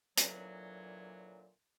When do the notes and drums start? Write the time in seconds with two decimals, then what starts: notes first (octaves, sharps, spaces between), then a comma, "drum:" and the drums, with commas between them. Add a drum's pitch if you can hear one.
0.18 A#2 D3 E3 F#3, drum: hi-hat